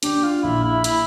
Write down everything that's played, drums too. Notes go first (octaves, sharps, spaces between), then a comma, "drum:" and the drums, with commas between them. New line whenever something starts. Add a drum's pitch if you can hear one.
D4 G4, drum: hi-hat
F4
A#1 E4
E4
E4, drum: hi-hat